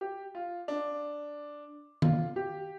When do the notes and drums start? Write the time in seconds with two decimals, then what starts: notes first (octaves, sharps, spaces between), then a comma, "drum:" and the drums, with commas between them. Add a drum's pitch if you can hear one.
0.01 G4
0.35 F4
0.68 D4
2.02 F4, drum: tom D#3
2.36 G4